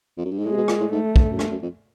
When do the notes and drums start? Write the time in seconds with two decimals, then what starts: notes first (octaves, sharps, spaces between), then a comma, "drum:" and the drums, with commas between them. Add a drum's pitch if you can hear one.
0.17 F2
0.25 F#2
0.31 G2
0.38 G#2
0.45 A2 G#3
0.52 C3
0.57 B2
0.68 A#2, drum: rim click
0.80 A2
0.92 G#2 A3
1.16 drum: kick
1.31 F#2
1.39 G2, drum: rim click
1.51 F#2
1.62 F2